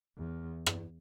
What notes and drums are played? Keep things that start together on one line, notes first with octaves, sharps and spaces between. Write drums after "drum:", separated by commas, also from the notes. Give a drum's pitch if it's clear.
E2
drum: rim click